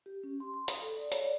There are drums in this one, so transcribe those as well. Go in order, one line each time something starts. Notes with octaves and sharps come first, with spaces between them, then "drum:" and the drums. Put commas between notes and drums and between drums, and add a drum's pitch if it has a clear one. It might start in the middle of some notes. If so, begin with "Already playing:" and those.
G4
C#4
C6
C6
D#6, drum: hi-hat
A4
D5
C#5, drum: hi-hat
D5